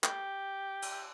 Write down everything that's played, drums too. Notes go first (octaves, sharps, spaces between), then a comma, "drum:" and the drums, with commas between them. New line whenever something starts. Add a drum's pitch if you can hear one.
G4, drum: clap
drum: cymbal